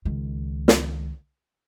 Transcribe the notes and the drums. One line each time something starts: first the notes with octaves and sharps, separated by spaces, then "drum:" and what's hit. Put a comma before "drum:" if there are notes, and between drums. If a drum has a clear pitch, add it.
C#2 D#3
drum: snare